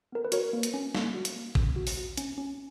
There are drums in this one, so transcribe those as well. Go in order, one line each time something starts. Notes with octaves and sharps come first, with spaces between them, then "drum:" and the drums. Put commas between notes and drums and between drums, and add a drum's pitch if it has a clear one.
B3 A#4
B4
F#4 A#4 C#5, drum: hi-hat
A#3
drum: hi-hat
C#4
A#3, drum: snare
F#4
drum: hi-hat
A#3
C#4, drum: kick
F#4
drum: open hi-hat
F#4
C#4, drum: hi-hat
C#4